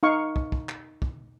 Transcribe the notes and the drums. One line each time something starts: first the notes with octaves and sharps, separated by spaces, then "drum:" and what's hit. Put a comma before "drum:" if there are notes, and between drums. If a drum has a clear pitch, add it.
D#4 F5 C#6
drum: kick
drum: kick
drum: clap
drum: kick